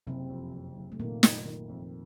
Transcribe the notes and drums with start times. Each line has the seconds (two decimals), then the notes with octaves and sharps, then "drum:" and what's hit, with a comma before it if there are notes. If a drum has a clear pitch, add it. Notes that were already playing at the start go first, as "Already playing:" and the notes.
0.07 F#1 C3 C4
0.30 F2
0.53 F#1
0.76 F#1
0.92 A3
0.99 A#2 D#3 A#3
1.23 F#1, drum: snare
1.45 D#3
1.69 F2